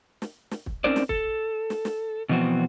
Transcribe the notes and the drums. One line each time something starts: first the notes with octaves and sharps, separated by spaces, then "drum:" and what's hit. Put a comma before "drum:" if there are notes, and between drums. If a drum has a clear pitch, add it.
drum: snare
drum: snare
drum: kick
C4 C#4 D#4 A#4 C5 D5
drum: snare
A4, drum: kick
drum: snare
drum: snare
B2 E3 F3 B3 C4 F#4